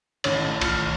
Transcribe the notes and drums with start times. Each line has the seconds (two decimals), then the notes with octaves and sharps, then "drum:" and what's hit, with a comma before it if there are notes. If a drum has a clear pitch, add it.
0.24 A1 D#3 A3 C#5, drum: cymbal
0.61 B1 F4 F6, drum: cymbal